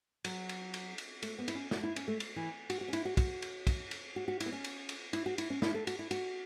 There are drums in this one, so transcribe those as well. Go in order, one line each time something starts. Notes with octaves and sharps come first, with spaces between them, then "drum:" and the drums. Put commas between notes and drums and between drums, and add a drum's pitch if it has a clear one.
F#3, drum: cymbal
drum: cymbal
drum: cymbal
drum: cymbal
A3, drum: cymbal
B3
E4, drum: cymbal
C#4
F#4, drum: snare
E4
C#4, drum: cymbal
A3
drum: cymbal
E3
F#4, drum: cymbal
F#4
C#4
E4, drum: cymbal
F#4
F#4, drum: kick, cymbal
drum: cymbal
drum: kick, cymbal
drum: cymbal
F#4
F#4
E4, drum: cymbal
B3
C#4
drum: cymbal
drum: cymbal
E4, drum: cymbal
F#4
E4, drum: cymbal
C#4
E4, drum: snare
A4
F#4, drum: cymbal
E4
F#4, drum: cymbal